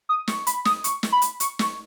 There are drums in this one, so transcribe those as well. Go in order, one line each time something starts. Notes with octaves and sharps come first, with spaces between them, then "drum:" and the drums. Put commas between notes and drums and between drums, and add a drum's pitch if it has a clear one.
D#6
C#6, drum: snare
B5, drum: hi-hat
D#6, drum: snare
C#6, drum: hi-hat
drum: snare
B5
drum: hi-hat
C#6, drum: hi-hat
C#6, drum: snare